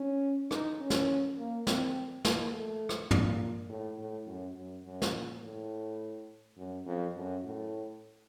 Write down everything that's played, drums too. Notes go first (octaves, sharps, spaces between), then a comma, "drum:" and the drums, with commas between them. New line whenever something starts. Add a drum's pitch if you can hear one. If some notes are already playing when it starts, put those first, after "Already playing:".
Already playing: C#4
D#4, drum: rim click
C#4
drum: snare
A#3
C4, drum: snare
A#3, drum: snare
A3
drum: rim click
A#2, drum: tom
A2
A2
F#2
F#2
F#2
drum: snare
A#2
A2
F#2
F2
F#2
A2